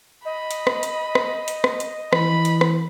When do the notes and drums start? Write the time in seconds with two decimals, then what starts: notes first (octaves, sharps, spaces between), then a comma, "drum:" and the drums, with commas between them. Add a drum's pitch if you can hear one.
0.25 D#5 B5
0.51 drum: hi-hat
0.67 drum: rim click
0.83 drum: hi-hat
1.15 drum: rim click
1.48 drum: hi-hat
1.64 drum: rim click
1.80 drum: hi-hat
2.13 E3 B5, drum: rim click
2.45 drum: hi-hat
2.61 drum: rim click